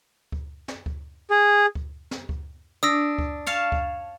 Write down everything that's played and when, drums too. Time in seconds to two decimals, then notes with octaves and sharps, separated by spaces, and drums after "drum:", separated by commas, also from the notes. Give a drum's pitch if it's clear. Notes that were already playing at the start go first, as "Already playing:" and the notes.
0.32 drum: kick D2
0.68 drum: snare
0.86 drum: kick D2
1.30 G#4
1.75 drum: kick D2
2.11 drum: snare
2.29 drum: kick D2
2.83 D4 D#6 E6 A#6
3.18 drum: kick D2
3.46 C#5 F5 A5
3.72 drum: kick D2